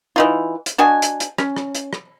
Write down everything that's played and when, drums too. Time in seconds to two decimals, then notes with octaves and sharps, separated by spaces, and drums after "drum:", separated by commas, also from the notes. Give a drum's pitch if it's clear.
0.16 E3 D#4 F4
0.66 drum: hi-hat
0.78 D4 F#4 D#5 G#5
1.02 drum: hi-hat
1.20 drum: hi-hat
1.38 C#4, drum: rim click
1.56 drum: rim click
1.75 drum: hi-hat
1.93 drum: rim click